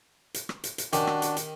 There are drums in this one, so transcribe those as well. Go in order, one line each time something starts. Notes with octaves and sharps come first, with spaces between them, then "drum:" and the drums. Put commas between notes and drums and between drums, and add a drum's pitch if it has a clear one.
drum: hi-hat
drum: rim click
drum: hi-hat
drum: hi-hat
D#3 C#4 D4 F#4 G4, drum: hi-hat
drum: rim click
drum: hi-hat
drum: hi-hat